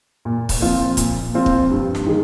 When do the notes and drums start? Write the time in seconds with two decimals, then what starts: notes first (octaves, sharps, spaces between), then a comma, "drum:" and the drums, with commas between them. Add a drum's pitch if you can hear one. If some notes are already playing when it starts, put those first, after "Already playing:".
0.25 A#2
0.49 drum: kick, open hi-hat
0.61 F3 C4 F4
0.97 A#2, drum: kick, hi-hat
1.34 F3 C4 F4
1.46 drum: kick
1.70 G2
1.95 drum: snare
2.06 D#3 G#3